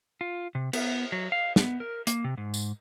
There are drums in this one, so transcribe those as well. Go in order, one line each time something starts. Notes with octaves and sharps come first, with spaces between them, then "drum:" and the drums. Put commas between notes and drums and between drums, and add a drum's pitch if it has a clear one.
F4
C3
B3, drum: cymbal
F#3
F5
B3, drum: snare
A#4
A#3, drum: hi-hat
C3
G#2
drum: tambourine